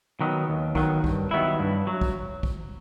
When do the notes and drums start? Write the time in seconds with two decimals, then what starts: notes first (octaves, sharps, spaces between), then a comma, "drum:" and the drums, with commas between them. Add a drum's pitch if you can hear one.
0.21 D#3 F#3 B3
0.49 D#2
0.75 D#3 F#3 B3, drum: kick
1.04 G2, drum: kick
1.31 D#3 F#3 B3 E4
1.59 G2
1.87 F#3
2.01 drum: kick
2.43 drum: kick